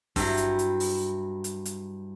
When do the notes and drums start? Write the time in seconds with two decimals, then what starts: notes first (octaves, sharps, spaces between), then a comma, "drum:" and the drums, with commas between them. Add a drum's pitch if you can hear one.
0.16 G2 F#3 E4, drum: kick, open hi-hat
0.37 drum: hi-hat
0.59 drum: hi-hat
0.80 drum: open hi-hat
1.44 drum: hi-hat
1.65 drum: hi-hat